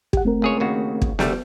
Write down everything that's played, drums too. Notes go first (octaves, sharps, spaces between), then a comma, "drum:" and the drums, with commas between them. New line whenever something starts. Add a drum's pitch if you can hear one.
G4 F#5, drum: kick
A3 C4 A#4
C#2 G#4 C#5
D#2 C#3 F#4
drum: kick
D2 G3 A3, drum: snare B3